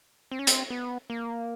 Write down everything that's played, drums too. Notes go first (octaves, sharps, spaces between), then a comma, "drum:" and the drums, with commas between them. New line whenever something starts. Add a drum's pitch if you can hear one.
C4
C#4
C4, drum: hi-hat
B3
A#3